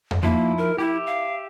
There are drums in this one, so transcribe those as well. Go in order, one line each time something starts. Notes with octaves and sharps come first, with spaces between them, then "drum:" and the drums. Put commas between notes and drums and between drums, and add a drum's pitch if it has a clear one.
drum: tom F2
F3 A#3 D#4 E4
A#4
E4 G4 E5
F5